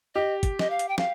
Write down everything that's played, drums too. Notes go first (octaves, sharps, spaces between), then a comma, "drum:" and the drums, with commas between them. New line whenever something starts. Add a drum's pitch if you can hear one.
G4 D#5
drum: kick, hi-hat
D#5, drum: snare
F5
drum: hi-hat
G5
F5, drum: snare